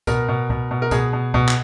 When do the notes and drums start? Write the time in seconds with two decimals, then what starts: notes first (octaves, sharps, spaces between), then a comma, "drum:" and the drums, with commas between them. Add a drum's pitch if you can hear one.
0.07 B2 A#4, drum: kick C#2, tambourine
0.29 B2
0.50 B2, drum: kick C#2
0.71 B2
0.82 A#4
0.91 B2 G#4, drum: kick C#2, tambourine
1.13 B2
1.34 B2, drum: kick C#2
1.48 drum: clap